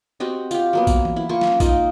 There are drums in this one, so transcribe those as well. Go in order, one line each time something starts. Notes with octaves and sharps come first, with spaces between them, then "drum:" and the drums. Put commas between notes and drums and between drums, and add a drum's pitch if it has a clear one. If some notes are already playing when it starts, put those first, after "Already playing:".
C4 F#4 G4 D#5
F4 G4, drum: tambourine
F#3 A#3 B3
drum: kick A#1, tambourine
drum: tom E3
E4
A#3 F4 C#6
drum: snare
A#3 D#4 F4 D#5, drum: kick A#1, tambourine